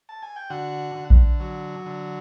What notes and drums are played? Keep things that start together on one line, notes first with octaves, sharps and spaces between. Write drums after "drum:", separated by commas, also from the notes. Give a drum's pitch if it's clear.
A5
G#5
G5
D3 F#4 F#5
D3
drum: kick A#1
F#3
D3